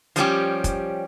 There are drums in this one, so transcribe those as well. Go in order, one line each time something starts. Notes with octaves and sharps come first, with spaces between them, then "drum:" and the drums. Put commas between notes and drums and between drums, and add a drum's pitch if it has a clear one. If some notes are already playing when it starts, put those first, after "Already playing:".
F3 G3 C#4 G4, drum: hi-hat
drum: kick, hi-hat